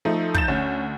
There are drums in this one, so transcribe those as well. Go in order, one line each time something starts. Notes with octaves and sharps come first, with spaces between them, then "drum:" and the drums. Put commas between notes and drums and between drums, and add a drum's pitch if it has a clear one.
F3 A3 D#4 E5
G6 A6 E7, drum: kick
D2 C#4